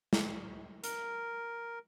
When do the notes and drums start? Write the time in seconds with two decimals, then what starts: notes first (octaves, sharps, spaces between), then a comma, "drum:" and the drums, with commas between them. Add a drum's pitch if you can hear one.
0.13 drum: snare
0.84 A#4, drum: hi-hat